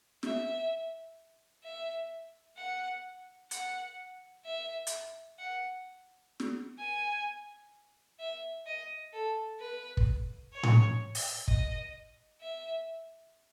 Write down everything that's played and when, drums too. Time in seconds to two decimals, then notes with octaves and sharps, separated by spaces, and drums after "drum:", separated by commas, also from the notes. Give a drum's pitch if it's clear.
0.23 E5, drum: snare
1.63 E5
2.57 F#5
3.51 F#5, drum: hi-hat
4.45 E5
4.87 drum: hi-hat
5.38 F#5
6.40 drum: snare
6.78 G#5
8.20 E5
8.66 D#5
9.13 A4
9.60 B4
9.97 drum: kick
10.53 C#5
10.63 drum: tom A2
11.15 drum: open hi-hat
11.48 D#5, drum: kick
12.41 E5